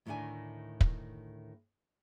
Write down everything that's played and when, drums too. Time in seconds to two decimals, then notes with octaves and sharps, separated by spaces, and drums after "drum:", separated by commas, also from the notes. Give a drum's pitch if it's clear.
0.06 D2 A2 D#3 A3 D4 G#5
0.81 drum: kick